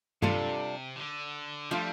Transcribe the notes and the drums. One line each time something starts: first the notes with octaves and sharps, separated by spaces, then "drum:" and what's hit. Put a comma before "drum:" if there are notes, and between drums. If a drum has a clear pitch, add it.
C3 G3 D4 F4 A4, drum: tom G2
D3
F3 G3 A3 D4 F4